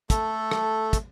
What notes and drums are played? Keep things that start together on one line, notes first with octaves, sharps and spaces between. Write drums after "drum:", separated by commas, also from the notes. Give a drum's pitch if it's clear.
A3 A4, drum: kick, hi-hat
drum: rim click
drum: kick, hi-hat